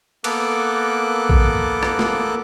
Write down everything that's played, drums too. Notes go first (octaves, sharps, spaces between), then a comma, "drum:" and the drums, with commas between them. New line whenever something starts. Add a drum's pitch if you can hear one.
A#3 B3 A4 D6 F#6, drum: cymbal
drum: kick A#1
drum: rim click
drum: snare